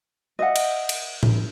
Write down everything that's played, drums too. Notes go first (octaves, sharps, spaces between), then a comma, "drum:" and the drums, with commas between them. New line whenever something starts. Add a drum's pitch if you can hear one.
D#5 E5 F#5
drum: cymbal
drum: cymbal
drum: tom A2